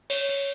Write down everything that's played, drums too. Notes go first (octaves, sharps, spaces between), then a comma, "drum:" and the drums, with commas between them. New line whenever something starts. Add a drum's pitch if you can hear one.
C#5, drum: cymbal
drum: cymbal